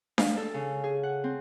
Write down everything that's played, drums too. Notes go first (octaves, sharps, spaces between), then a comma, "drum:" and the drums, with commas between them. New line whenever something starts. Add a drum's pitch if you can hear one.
F5, drum: snare D4
A4
C#3
G#4
F#5
C4